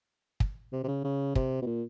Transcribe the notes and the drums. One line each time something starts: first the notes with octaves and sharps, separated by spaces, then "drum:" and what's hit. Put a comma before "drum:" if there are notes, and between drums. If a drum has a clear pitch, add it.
drum: kick
C3
C3
C#3
C#3
C3, drum: kick
B2
A#2